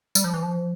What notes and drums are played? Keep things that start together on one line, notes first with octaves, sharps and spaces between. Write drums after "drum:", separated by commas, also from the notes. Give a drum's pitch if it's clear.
G3, drum: tambourine
F3
E3
F3